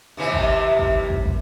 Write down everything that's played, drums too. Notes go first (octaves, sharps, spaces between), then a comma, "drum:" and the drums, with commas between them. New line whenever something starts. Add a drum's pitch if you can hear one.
D#2 C3 E3
drum: kick
drum: kick
drum: kick
drum: kick